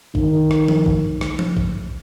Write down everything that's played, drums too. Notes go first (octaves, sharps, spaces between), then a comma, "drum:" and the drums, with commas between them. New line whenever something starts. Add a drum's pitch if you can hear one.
D#3, drum: kick
drum: rim click
drum: tom F3
drum: kick
drum: rim click
drum: tom F3
drum: kick